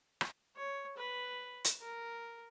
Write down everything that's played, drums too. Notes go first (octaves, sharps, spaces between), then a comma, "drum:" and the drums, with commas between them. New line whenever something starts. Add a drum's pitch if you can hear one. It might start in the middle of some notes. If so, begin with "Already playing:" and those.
drum: rim click
C#5
B4
drum: hi-hat
A#4